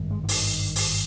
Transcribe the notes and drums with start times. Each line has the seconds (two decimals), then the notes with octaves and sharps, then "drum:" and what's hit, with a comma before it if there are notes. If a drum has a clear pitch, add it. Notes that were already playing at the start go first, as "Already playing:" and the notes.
Already playing: G#1 G2
0.11 G#3
0.24 D3
0.29 D#3, drum: open hi-hat
0.76 drum: open hi-hat